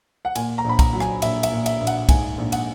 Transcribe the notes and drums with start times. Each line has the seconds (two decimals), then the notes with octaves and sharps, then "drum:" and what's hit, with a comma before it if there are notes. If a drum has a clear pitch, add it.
0.25 F#5
0.35 A#2 G#5, drum: cymbal
0.58 A#5
0.64 A#1
0.69 B5
0.79 A#5, drum: kick, cymbal
0.93 F#3
1.00 G#5, drum: rim click
1.22 A#1 E5, drum: cymbal
1.43 E5, drum: cymbal
1.52 A#2
1.66 E5, drum: cymbal
1.80 A#1
1.87 F#5, drum: cymbal
2.09 G#2 G#5, drum: kick, cymbal
2.38 A#1
2.52 F#5, drum: cymbal